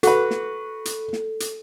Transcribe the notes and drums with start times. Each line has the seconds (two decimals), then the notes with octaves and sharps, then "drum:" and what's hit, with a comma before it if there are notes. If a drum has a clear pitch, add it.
0.03 F#4 A4 B4, drum: hi-hat
0.31 drum: snare
0.85 drum: hi-hat
1.13 drum: snare
1.40 drum: hi-hat